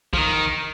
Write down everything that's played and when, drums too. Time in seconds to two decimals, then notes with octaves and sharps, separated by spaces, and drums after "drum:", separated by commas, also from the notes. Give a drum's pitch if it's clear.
0.13 F3, drum: kick
0.18 D#3